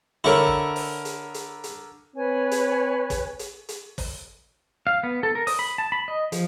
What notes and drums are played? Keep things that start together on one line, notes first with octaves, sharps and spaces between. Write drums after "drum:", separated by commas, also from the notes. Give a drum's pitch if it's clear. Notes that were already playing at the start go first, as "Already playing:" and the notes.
D3 E4 A#4 C#5
drum: kick
drum: open hi-hat
drum: hi-hat
drum: hi-hat
drum: hi-hat
C4 B4 C#5 G#5
drum: hi-hat
drum: kick, hi-hat
drum: hi-hat
drum: hi-hat
drum: kick, open hi-hat
F5
B3
A4
A#4
D#6, drum: open hi-hat
B5
A5
B5
D#5
F3, drum: hi-hat